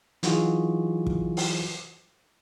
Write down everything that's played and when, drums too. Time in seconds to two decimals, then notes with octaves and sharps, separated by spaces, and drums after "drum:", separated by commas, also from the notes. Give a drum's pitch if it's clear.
0.23 E3 F#3 D#4 F4 F#4 G#4, drum: hi-hat
1.06 drum: kick
1.37 drum: open hi-hat